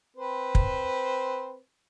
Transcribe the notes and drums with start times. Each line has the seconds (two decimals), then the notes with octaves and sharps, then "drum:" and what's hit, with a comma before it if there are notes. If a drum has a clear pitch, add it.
0.17 C4 B4 C5
0.55 drum: kick